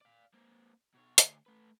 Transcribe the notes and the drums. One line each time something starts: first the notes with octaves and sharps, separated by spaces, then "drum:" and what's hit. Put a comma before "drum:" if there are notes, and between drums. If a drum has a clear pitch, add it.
D5 F5
A#3 C4
B2 C#5
D2, drum: hi-hat
A3 B4